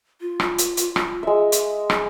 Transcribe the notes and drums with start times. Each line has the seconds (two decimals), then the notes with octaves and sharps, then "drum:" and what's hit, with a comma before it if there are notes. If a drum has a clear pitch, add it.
0.21 F4
0.40 drum: rim click
0.58 drum: hi-hat
0.77 drum: hi-hat
0.96 drum: rim click
1.23 G#3 E5
1.52 drum: hi-hat
1.90 drum: rim click